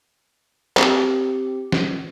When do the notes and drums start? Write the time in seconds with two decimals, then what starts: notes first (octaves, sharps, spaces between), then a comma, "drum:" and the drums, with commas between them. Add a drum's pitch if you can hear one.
0.77 C4 G4, drum: clap
1.72 drum: snare